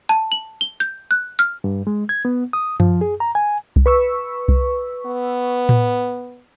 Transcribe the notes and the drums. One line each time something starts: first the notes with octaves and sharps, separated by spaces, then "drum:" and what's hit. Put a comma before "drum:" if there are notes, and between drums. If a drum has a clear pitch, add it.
A5
F#7
G7
G6
F#6
F6
G2
G#3
G#6
B3
D#6
F3, drum: tom F#2
G#4
A#5
G#5
drum: kick C2
B4 C#6 E6
drum: kick C2
B3
drum: tom A2